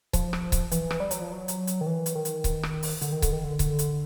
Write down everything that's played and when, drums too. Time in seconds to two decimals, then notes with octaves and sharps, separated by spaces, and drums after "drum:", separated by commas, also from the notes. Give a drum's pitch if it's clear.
0.13 F3, drum: kick C#1, hi-hat
0.33 drum: rim click
0.52 drum: kick C#1, hi-hat
0.72 E3, drum: hi-hat
0.91 drum: rim click
1.00 G3
1.11 F#3, drum: hi-hat
1.21 F3
1.32 F#3
1.48 drum: hi-hat
1.67 drum: hi-hat
1.81 D#3
1.86 E3
2.06 drum: hi-hat
2.15 D#3
2.25 drum: hi-hat
2.44 drum: kick C#1, hi-hat
2.63 drum: rim click
2.83 drum: open hi-hat
3.01 D3, drum: hi-hat
3.12 D#3
3.22 D3, drum: kick C#1, hi-hat
3.33 D#3
3.44 D3
3.59 D3, drum: kick C#1, hi-hat
3.79 drum: hi-hat